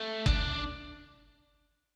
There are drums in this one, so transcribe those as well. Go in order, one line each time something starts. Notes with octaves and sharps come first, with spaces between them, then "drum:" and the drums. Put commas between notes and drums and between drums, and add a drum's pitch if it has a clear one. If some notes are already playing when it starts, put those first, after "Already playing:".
Already playing: A3
D4, drum: kick